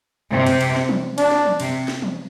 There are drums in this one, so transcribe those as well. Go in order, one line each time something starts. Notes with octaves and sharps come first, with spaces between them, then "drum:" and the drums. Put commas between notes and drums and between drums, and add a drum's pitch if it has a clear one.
C3 C4, drum: tom F#2
drum: cymbal
drum: cymbal
drum: snare
drum: tom
D4, drum: cymbal
drum: snare
drum: tom E3
C3, drum: cymbal
drum: snare
drum: tom E3